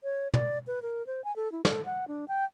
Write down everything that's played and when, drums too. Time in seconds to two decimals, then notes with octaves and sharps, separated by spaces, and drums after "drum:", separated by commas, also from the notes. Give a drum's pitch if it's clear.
0.03 C#5
0.34 D5, drum: tom
0.67 B4
0.82 A#4
1.07 C5
1.24 G#5
1.36 A4
1.52 E4
1.65 A4, drum: snare
1.86 F#5
2.08 D4
2.28 G5